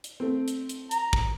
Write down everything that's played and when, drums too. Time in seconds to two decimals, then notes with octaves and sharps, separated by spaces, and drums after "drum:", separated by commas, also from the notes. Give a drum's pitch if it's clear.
0.04 drum: hi-hat
0.20 A3 C4
0.48 drum: hi-hat
0.69 drum: hi-hat
0.91 A#5, drum: hi-hat
1.13 drum: kick